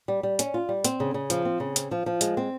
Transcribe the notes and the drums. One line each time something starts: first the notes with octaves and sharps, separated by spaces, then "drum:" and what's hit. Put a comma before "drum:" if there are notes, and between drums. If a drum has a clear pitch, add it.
G3
G3
C#4, drum: hi-hat
F4
G3
C4, drum: hi-hat
C#3
C#3
F3, drum: hi-hat
C4
C#3
C4, drum: hi-hat
F3
F3
G#3, drum: hi-hat
C4